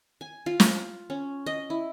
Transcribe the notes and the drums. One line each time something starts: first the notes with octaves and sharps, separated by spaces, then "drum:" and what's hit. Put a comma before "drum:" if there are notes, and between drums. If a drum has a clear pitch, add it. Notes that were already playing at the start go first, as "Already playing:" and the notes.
G#5
F4
drum: snare
C#4
D#5
E4